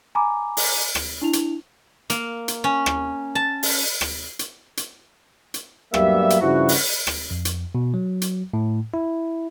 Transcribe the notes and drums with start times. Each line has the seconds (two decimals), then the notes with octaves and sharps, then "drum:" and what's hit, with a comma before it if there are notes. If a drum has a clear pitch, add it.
0.15 G#5 A#5 B5 D6
0.57 drum: open hi-hat
0.95 drum: rim click
1.21 D4 E4 F7
1.33 drum: hi-hat
2.10 A#3, drum: hi-hat
2.48 drum: hi-hat
2.64 C#4
2.86 drum: rim click
3.35 A5
3.63 drum: open hi-hat
4.01 drum: rim click
4.39 drum: hi-hat
4.77 drum: hi-hat
5.54 drum: hi-hat
5.94 G2 F#3 G3 A#3 B3 E5, drum: rim click
6.30 drum: hi-hat
6.41 G2 C#3 F3 E4 F#4
6.69 drum: open hi-hat
7.07 drum: rim click
7.31 F2
7.45 drum: hi-hat
7.75 B2
7.94 F#3
8.22 drum: hi-hat
8.53 A2
8.94 E4